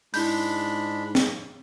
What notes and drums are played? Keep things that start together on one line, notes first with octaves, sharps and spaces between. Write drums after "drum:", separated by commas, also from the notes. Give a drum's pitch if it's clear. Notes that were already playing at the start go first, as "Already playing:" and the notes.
G#2 G#3 D4 E4 B5 G6, drum: open hi-hat
drum: snare